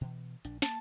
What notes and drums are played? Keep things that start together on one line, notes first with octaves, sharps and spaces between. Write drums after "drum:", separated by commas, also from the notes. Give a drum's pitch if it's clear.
B2 E3
A#1 D4, drum: hi-hat
A#3 A5, drum: snare